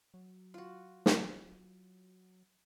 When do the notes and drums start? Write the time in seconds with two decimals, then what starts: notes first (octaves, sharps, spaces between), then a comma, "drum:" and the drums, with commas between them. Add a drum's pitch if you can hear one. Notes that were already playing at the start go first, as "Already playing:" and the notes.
0.14 F#3
0.54 F4 F#4
1.06 drum: snare